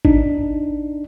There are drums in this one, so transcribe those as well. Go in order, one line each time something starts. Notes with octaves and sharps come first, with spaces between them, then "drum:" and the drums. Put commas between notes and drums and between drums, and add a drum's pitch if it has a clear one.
D4 D#4, drum: kick A1